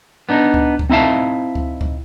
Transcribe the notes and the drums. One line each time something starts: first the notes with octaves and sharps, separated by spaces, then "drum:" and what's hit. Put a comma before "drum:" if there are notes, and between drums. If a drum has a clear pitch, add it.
B3 D4 D#4
drum: kick C#2
drum: kick C#2
C4 D#4 E4 E5 F5 A5
drum: kick C#2
drum: kick C#2